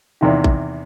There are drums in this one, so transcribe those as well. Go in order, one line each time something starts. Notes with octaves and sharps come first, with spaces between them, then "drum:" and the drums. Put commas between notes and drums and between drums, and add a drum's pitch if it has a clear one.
E2 C3 D#3
drum: kick A1